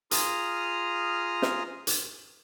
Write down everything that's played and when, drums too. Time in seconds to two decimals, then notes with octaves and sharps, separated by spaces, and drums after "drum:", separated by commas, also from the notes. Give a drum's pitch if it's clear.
0.11 F4 G#4 A#5 D#6 F6, drum: hi-hat
1.42 drum: snare
1.87 drum: hi-hat